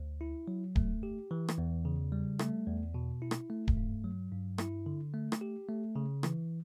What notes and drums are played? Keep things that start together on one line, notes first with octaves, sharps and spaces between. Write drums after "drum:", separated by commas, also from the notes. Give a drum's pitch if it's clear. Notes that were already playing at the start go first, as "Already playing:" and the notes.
Already playing: D2
E4
F#3
A3, drum: kick D1
G4
E3
drum: rim click
E2
C#3
G3
A3, drum: rim click
E2
B2
E4
drum: rim click
A3
drum: kick D1
G2
F#3
G2
E4, drum: rim click
D3
A3
drum: rim click
G4
A3
C#3
E3, drum: rim click